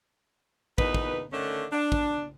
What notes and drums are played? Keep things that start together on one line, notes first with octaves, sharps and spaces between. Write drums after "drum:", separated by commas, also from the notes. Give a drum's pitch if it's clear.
E2 A#2 D#4 B4, drum: kick
drum: kick
D3 D#3 A3 C#4 D4
D4
drum: kick